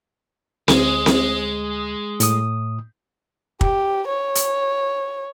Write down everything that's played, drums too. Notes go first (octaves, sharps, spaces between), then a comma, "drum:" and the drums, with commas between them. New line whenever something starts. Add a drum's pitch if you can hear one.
D2 G#3, drum: snare C4
drum: snare C4
A2 D#6, drum: hi-hat
G4, drum: kick
C#5
drum: hi-hat